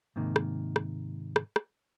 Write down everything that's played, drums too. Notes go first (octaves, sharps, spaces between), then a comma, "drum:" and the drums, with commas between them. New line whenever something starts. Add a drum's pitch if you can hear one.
G#2 C3 D#3 A#3
drum: rim click
drum: rim click
drum: rim click
drum: rim click